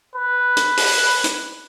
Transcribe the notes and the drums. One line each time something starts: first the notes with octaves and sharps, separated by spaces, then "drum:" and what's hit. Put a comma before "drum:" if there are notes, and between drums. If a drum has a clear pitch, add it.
B4
drum: hi-hat
drum: open hi-hat
drum: hi-hat